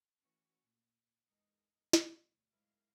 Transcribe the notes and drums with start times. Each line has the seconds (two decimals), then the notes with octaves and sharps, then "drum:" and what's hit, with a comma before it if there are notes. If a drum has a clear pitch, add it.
0.21 E3 A3 C#4 F#4
0.63 A#2
1.26 E2 G#3 D#4 A#4
1.93 D2 B2 F#3 G3, drum: snare
2.51 G#2 F#3 G#3 E4 A#4 F5